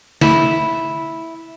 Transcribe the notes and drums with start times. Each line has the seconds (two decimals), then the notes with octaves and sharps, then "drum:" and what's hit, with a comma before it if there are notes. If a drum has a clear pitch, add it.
0.21 E4, drum: snare